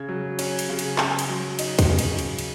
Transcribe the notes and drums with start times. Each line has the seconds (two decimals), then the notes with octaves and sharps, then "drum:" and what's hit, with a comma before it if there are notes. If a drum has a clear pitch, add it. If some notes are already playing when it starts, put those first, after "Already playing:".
Already playing: C#3 G#6
0.08 F#3
0.39 C#4, drum: cymbal
0.59 drum: cymbal
0.69 C#3
0.79 drum: cymbal
0.98 C#3, drum: clap
1.19 drum: cymbal
1.29 F#3
1.59 D#4, drum: cymbal
1.79 drum: kick, cymbal
1.88 C#3
1.99 drum: cymbal
2.19 drum: cymbal
2.39 drum: cymbal